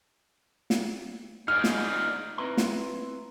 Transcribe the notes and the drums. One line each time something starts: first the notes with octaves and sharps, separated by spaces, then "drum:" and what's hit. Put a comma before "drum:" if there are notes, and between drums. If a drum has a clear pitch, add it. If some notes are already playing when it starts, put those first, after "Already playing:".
drum: snare
D#4 G#4 D5 F6
drum: snare
C4 E4 B4 E5 A#5 C6
drum: snare